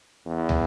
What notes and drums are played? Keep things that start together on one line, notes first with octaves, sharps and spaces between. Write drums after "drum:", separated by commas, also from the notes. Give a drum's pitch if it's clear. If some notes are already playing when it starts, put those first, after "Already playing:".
E2
drum: tom